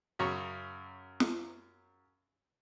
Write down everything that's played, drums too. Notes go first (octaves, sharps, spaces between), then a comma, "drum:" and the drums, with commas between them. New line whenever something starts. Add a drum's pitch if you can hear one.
F#2 C#3 A#5 C#6
drum: snare